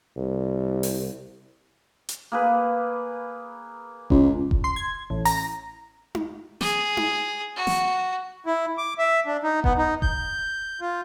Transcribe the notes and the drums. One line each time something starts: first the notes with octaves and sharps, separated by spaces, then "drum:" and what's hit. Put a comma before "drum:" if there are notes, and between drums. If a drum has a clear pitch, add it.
C2
drum: open hi-hat
drum: hi-hat
A#3 G#4 B4
C#2, drum: kick F1
drum: kick F1
C6
G#6
A1
A#5, drum: open hi-hat
drum: tom D#4
G#4, drum: snare
drum: tom D#4
F#4
drum: snare
E4
D6
E5
D4
D#4
B3, drum: kick F1
D#4
G6, drum: kick F1
F4